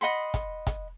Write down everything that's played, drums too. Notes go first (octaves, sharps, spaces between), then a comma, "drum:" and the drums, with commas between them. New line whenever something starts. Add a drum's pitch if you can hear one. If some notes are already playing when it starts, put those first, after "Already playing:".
D#5 F#5 B5 C6
drum: kick, hi-hat
drum: kick, hi-hat